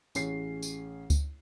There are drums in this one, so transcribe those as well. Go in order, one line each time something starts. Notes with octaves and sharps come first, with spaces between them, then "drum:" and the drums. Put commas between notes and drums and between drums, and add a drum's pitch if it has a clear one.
A1 C#4 G#4 C7, drum: tambourine
drum: tambourine
drum: kick C#2, tambourine